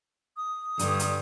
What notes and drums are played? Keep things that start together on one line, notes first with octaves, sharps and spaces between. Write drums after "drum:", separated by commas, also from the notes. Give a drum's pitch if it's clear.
D#6
G2 D3, drum: hi-hat
drum: hi-hat